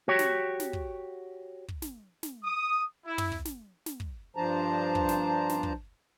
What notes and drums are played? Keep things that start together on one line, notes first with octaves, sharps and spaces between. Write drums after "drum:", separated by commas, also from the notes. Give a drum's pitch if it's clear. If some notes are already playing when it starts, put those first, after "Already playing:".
F#4 G4 C#5
drum: snare
drum: snare
drum: kick
drum: kick
drum: snare
drum: snare
D#6
E4
drum: tom
drum: kick
drum: snare
drum: snare
drum: kick
G2 F3 D4 C5 A5 A#5
drum: kick
drum: snare
drum: snare
drum: kick